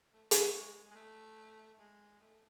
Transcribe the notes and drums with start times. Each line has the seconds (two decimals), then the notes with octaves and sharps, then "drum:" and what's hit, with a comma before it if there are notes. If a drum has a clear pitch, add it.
0.13 A3
0.31 A3, drum: hi-hat
0.48 A3
0.55 G#3
0.75 G#3
0.91 G#3
0.95 A3
1.79 G#3
2.21 A3